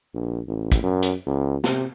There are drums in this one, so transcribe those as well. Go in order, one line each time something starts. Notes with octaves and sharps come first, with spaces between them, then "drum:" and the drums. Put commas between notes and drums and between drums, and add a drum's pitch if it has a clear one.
A#1
A1
drum: kick, hi-hat
F#2
drum: hi-hat
C#2
C3, drum: snare